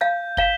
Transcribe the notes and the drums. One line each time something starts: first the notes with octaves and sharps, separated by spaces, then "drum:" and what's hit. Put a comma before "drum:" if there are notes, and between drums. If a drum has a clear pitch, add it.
F5 G6
F5 B6 E7 G7, drum: kick